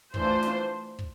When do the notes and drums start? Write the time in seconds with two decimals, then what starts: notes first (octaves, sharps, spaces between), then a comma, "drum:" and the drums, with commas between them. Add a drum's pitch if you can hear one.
0.14 E3 A3 D4 F4 C5, drum: kick
0.42 drum: snare
0.99 drum: kick